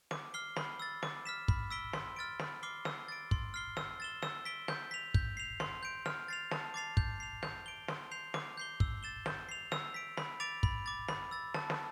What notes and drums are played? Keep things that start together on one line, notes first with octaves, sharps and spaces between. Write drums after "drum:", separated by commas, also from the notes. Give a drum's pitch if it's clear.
D6, drum: snare
F6 C7 G7
B5, drum: snare
E6 A6
D6, drum: snare
F6 B6 E7
B5, drum: kick
E6 B6 D7 G7
C6, drum: snare
F6 A6 D7
B5, drum: snare
D6 F6 C7 G7
E6, drum: snare
A6 D7
C6, drum: kick
F6 C7 G7
E6, drum: snare
A6 E7 G7
E6, drum: snare
B6 D7 G7
G6, drum: snare
B6 F7
G6, drum: kick
C7 F7
C6, drum: snare
G6 D7
F6, drum: snare
A6 C7 F7
A5, drum: snare
D6 A6 C7 F7
G6, drum: kick
C7 F7
G6, drum: snare
D7 G7
C6, drum: snare
G6 C7 F7
D6, drum: snare
G6 C7 G7
E6, drum: kick
A6 E7 G7
G6, drum: snare
C7 F7
E6, drum: snare
B6 D7
B5, drum: snare
D6 A6 D7 F7
B5, drum: kick
D6 A6
B5, drum: snare
E6 A6
A5, drum: snare
drum: snare